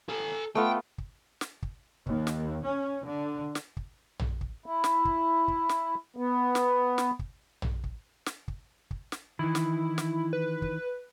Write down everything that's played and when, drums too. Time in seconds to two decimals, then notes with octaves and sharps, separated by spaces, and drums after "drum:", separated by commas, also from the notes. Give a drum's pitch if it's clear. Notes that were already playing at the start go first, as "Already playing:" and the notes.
0.09 A4 G#5
0.55 A3 B3 F4 G5
0.98 drum: kick
1.41 drum: snare
1.62 drum: kick
2.06 D#2, drum: kick
2.27 drum: snare
2.65 C#4
3.06 D3
3.55 drum: snare
3.77 drum: kick
4.19 drum: tom A#1
4.41 drum: kick
4.66 E4
4.84 drum: snare
5.05 drum: kick
5.48 drum: kick
5.69 drum: snare
6.17 B3
6.55 drum: snare
6.98 drum: snare
7.19 drum: kick
7.62 drum: tom A#1
7.84 drum: kick
8.26 drum: snare
8.48 drum: kick
8.91 drum: kick
9.12 drum: snare
9.39 D#3 E3 E4
9.55 drum: snare
9.98 drum: snare
10.33 B4
10.62 drum: kick